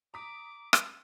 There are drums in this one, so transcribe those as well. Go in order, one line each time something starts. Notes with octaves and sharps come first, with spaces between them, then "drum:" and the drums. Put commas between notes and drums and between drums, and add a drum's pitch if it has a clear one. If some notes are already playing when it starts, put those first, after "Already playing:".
A#5 D6 D#6 B6
drum: rim click